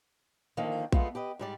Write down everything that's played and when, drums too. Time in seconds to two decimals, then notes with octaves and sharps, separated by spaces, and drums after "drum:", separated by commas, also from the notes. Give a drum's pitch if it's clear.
0.57 D3 D#3 F3 A#3
0.92 G#3 A3 B3 F4, drum: kick A#1
1.15 G4 B4 D#5
1.39 G#2 G3 D5